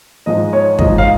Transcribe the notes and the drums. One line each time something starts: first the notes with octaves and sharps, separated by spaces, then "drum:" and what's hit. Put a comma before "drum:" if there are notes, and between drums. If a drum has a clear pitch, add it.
G#2 F3 G#3 D#5
C#5
G#2 F3 G#3 D#5, drum: kick
F5